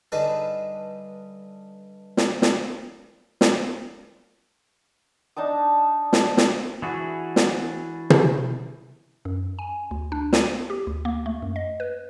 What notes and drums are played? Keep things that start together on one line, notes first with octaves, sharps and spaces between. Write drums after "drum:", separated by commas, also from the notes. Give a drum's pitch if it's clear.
G2 D3 D#4 G#4 B4 A5
drum: snare
drum: snare
drum: snare
D4 D#4 A5 D#6
drum: snare
drum: snare
E3 D4 F#4 G#4
drum: snare
drum: tom
F#2
G#5
D2
D4
D#7, drum: snare
G4
D2
A#3
A3
F#2
D#5
B4